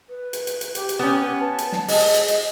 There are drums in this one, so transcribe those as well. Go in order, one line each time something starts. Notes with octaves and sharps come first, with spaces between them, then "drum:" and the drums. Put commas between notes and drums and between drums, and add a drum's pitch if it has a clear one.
B4
drum: hi-hat
drum: hi-hat
drum: hi-hat
G4, drum: hi-hat
drum: hi-hat
B3 C#4
B4
A5
drum: hi-hat
drum: snare
G#3 D#5, drum: open hi-hat
drum: hi-hat
drum: hi-hat
drum: hi-hat